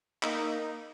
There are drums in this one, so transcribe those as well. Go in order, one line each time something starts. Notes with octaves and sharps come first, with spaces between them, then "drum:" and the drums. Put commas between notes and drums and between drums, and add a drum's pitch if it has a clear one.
A#3 D#4, drum: clap